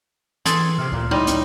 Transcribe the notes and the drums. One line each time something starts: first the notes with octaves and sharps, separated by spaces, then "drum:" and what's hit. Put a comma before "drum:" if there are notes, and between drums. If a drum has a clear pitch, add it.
E3 G#4 A4 C6, drum: hi-hat
C3 F6 C7
D2 A#2
G3 D#4 E4 C#5 C6
drum: hi-hat